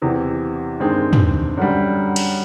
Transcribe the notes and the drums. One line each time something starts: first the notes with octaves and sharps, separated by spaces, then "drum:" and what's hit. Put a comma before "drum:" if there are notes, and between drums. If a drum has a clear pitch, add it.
E2 C3 E3
G2 D#3 G#3 C4
drum: tom
F#2 D3 G3
drum: cymbal